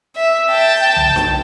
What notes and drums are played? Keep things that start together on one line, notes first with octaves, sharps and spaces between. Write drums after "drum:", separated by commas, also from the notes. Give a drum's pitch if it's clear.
E5
G5 A5
drum: tom B1
drum: snare D4